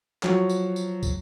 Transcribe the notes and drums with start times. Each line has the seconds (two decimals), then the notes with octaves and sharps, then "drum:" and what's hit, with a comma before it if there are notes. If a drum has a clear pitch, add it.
0.23 F3 F#3 C#5, drum: clap
0.50 drum: tambourine
0.76 drum: tambourine
1.03 drum: kick, tambourine